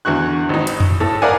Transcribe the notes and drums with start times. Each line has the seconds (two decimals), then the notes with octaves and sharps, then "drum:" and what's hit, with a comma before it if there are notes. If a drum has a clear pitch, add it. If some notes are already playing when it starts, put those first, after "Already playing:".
0.05 E2 D3 F#4 C#6 F#6
0.49 G#1 D#4
0.67 drum: hi-hat
0.80 drum: tom F2
1.00 A2 A4
1.22 A#4 B4 D5 F5 F#5 G#5